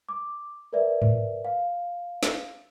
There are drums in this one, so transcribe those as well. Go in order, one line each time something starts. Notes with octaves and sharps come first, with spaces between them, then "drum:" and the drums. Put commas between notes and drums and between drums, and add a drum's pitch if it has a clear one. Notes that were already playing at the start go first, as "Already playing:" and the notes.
D6
A#4 B4 D5 E5
drum: tom G#2
F5
drum: snare